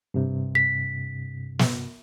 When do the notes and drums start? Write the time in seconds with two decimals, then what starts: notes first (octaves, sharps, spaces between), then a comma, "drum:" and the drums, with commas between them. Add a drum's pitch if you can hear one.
0.14 G2 C3
0.55 B6
1.59 drum: snare